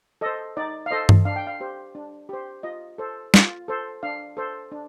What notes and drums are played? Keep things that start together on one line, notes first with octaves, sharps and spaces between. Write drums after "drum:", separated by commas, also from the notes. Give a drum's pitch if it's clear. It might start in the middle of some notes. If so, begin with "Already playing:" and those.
A4 C5 D#5
D#4 D5
F5
A4 C5 D#5
drum: tom G2
D4 F5
G5
F5
G4 C5
D4
G4 C5
F4 D#5
A4 C5
F4, drum: snare
A4 C5
D4 F5
A4 C5
D4